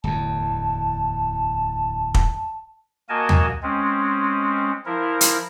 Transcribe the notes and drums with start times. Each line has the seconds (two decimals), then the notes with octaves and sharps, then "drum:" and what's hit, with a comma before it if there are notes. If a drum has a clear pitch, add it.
0.04 D1 E2 A5
2.14 drum: kick
3.09 A#3 F#4 A#4 D#5 G#5 A5
3.29 drum: tom
3.63 G#3 C4 C#4
4.86 F3 E4 A#4
5.21 drum: hi-hat